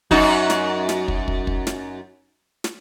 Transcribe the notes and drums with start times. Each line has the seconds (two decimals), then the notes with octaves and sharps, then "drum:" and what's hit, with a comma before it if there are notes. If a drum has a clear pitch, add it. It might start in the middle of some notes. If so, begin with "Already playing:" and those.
0.11 F#2 D#4 F#4, drum: kick
0.50 drum: snare
0.89 drum: snare
1.08 drum: kick
1.28 drum: kick
1.47 drum: kick
1.67 drum: snare
2.64 drum: snare